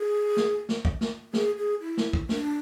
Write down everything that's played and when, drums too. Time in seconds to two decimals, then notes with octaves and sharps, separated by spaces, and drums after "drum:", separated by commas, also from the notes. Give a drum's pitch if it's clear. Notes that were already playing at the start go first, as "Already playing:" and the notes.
Already playing: G#4
0.37 drum: snare
0.69 drum: snare
0.85 drum: kick
1.01 drum: snare
1.33 G#4, drum: snare
1.57 G#4
1.81 E4
1.97 drum: snare
2.13 drum: kick
2.29 D4, drum: snare